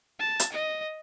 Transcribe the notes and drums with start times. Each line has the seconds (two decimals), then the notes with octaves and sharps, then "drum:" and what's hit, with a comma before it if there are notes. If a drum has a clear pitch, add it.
0.19 A5
0.40 drum: hi-hat
0.52 D#5